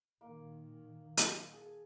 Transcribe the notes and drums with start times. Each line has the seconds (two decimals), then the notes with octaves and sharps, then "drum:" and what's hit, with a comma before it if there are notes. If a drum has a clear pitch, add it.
0.21 A#2 D#3 A#3
1.17 drum: hi-hat
1.53 G#4 A4